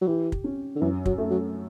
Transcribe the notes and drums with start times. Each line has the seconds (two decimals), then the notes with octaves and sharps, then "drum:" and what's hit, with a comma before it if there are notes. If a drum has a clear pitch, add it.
0.02 F#3
0.07 E3 G4
0.32 drum: kick
0.44 C#4
0.76 D3
0.81 F#2 E3
1.06 F#3, drum: kick
1.18 A3
1.30 F#3